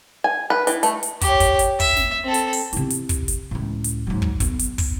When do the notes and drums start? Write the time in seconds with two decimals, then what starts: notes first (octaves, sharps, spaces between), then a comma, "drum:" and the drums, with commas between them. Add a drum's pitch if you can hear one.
0.24 G#5
0.50 B4
0.67 E3, drum: hi-hat
0.83 A3, drum: hi-hat
1.03 drum: hi-hat
1.21 G4 C#5, drum: kick, hi-hat
1.40 drum: kick, hi-hat
1.59 drum: hi-hat
1.80 E5, drum: kick, open hi-hat
1.97 drum: snare
2.24 C4 A4
2.34 drum: hi-hat
2.53 drum: open hi-hat
2.73 C3 E4, drum: hi-hat
2.90 drum: hi-hat
3.09 drum: kick, hi-hat
3.28 drum: hi-hat
3.51 C#2 A2
3.84 drum: hi-hat
4.07 G#2 F#3
4.22 drum: kick
4.40 B1, drum: kick, hi-hat
4.59 drum: hi-hat
4.78 drum: kick, open hi-hat